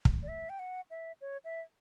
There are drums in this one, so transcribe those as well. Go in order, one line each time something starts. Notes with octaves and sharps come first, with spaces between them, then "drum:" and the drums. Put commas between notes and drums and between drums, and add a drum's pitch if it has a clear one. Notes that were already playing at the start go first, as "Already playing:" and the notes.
drum: kick
D5
E5
G5
F#5
E5
C#5
E5